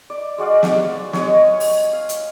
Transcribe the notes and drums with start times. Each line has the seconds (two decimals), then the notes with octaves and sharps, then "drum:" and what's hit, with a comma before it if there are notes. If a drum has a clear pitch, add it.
0.10 D5
0.38 G#3 F#4 D5 F5
0.63 drum: snare
1.13 C#5 D#5, drum: snare
1.60 drum: open hi-hat
1.93 F5
2.09 drum: hi-hat